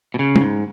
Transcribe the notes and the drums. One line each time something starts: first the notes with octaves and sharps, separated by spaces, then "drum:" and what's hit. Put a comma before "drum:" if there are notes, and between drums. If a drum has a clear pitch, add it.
B2
C#3
A#2, drum: tom
G#2